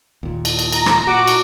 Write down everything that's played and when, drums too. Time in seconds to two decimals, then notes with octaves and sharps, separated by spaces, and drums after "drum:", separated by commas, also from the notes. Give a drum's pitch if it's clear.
0.23 D#2 A#2
0.45 drum: cymbal
0.59 drum: cymbal
0.72 A#5, drum: cymbal
0.86 drum: rim click
1.07 A#2 F#4 D6
1.27 drum: cymbal